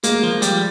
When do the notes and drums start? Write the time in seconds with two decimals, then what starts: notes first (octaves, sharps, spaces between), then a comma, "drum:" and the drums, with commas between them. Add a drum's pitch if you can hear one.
0.03 G#3 A#3, drum: hi-hat
0.23 F3
0.42 G3, drum: hi-hat